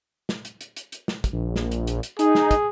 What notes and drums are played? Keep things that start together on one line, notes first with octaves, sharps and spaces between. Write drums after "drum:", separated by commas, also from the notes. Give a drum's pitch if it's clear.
drum: snare
drum: hi-hat
drum: hi-hat
drum: hi-hat
drum: hi-hat
drum: snare
drum: kick, hi-hat
A#1
drum: snare
drum: hi-hat
drum: hi-hat
drum: hi-hat
D#4 G#4, drum: hi-hat
drum: snare
drum: kick, hi-hat